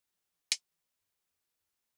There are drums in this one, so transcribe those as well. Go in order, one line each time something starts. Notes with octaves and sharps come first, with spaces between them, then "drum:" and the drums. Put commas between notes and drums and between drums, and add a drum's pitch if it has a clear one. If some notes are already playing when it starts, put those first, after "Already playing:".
G3
F3
F3, drum: hi-hat
E3
G2
E2
F2